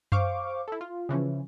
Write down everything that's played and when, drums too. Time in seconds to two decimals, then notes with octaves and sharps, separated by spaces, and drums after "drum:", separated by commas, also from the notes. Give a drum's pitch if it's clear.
0.12 C5 F5 C#6 D6, drum: tom F#2
0.68 E4 A4
0.81 F4
1.09 C#3 E3 F3 C#4